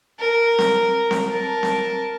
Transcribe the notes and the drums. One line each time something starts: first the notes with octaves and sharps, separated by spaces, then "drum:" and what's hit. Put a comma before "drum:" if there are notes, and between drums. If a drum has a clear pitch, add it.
A#4
drum: snare C4
drum: snare C4
A#4 A5
drum: snare C4